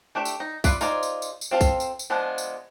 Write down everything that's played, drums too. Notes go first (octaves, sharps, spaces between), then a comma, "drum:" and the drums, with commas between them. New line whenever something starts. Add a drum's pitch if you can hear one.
A3 D4 G4 E5
drum: tambourine
D#4
F4 B4 D5 E5 B5, drum: kick, tambourine
D#4 F4 G#4 C5 D5, drum: tambourine
drum: tambourine
drum: tambourine
drum: tambourine
C4 F4 A4 F5
drum: kick, tambourine
drum: tambourine
drum: tambourine
F3 G#3 B3 D4 F4
drum: tambourine